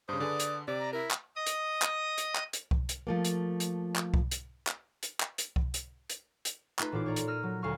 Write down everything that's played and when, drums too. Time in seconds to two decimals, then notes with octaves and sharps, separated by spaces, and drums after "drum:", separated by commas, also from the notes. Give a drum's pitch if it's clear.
0.09 G2 C#3 C5 D#6
0.20 D3 G#4 B4 D5
0.40 drum: hi-hat
0.68 C3 D5
0.79 A#5
0.93 E4 A#4
1.11 drum: clap
1.36 D#5 D#6
1.46 drum: hi-hat
1.82 drum: clap
2.18 drum: hi-hat
2.36 drum: clap
2.53 drum: hi-hat
2.71 drum: kick C2
2.89 drum: hi-hat
3.07 F3 A3 A#3
3.25 drum: hi-hat
3.60 drum: hi-hat
3.96 drum: clap
4.14 drum: kick C2
4.31 drum: hi-hat
4.67 drum: clap
5.03 drum: hi-hat
5.20 drum: clap
5.38 drum: hi-hat
5.56 drum: kick C2
5.74 drum: hi-hat
6.10 drum: hi-hat
6.45 drum: hi-hat
6.79 A3 D#4 F4 B4, drum: clap
6.92 A1 A#2 F4 D6
7.06 C#5 D5 A#5
7.16 drum: hi-hat
7.27 E6 F6 A#6 D#7
7.43 F#3
7.62 D2 F5 G#5 C#6 F6